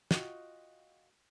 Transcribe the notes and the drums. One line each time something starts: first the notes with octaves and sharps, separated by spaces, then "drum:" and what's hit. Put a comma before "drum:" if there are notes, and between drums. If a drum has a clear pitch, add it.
F4 F#4 D#5 G5, drum: snare